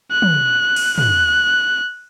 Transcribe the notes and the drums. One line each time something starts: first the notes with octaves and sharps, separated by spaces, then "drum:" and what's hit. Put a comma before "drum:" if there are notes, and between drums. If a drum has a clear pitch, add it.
F#6
drum: tom
drum: cymbal
F#6, drum: tom